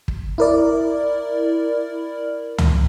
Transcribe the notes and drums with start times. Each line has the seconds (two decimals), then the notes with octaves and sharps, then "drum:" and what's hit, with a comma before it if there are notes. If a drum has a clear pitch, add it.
0.08 drum: kick
0.38 E4 A#4 D5
2.58 drum: tom C#2